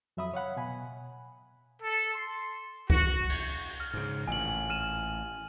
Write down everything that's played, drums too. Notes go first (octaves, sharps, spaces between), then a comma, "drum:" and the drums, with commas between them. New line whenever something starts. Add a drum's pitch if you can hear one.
F2 F#3 E5 B5 D#6
C#5 F5 F#5 B5
B2 G#5 B5
A4
C6
F#4, drum: kick C2
drum: cymbal
drum: open hi-hat
F6
G#2 C#3
A1 A#2 G#5 F#7
F6 D#7 E7